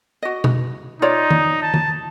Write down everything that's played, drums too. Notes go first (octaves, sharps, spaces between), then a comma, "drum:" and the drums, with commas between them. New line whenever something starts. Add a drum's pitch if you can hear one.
F#4 D#5
drum: tom
D#4 F4 C#5 D5
drum: tom D#3
A5
drum: tom D#3